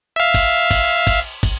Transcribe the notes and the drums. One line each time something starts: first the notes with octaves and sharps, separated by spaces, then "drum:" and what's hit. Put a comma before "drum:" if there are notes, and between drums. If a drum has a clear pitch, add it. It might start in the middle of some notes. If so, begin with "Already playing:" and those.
E5 F5
drum: kick, cymbal
drum: kick, cymbal
drum: kick, cymbal
drum: kick, cymbal